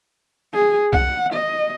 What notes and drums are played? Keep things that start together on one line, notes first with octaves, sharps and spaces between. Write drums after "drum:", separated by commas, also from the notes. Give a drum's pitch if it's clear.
G#4
F#5, drum: kick C2
D#5